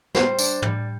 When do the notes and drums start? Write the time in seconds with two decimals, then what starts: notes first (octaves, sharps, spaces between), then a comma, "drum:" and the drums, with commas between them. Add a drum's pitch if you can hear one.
0.15 G3 C5, drum: snare
0.39 D4, drum: tambourine
0.62 G3, drum: tom